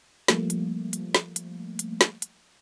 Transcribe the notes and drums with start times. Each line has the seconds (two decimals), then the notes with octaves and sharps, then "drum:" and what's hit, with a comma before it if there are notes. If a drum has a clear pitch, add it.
0.28 F3 G3 A3 A#3, drum: snare
0.50 drum: hi-hat
0.93 drum: hi-hat
1.15 drum: snare
1.36 drum: hi-hat
1.79 drum: hi-hat
2.01 drum: snare
2.22 drum: hi-hat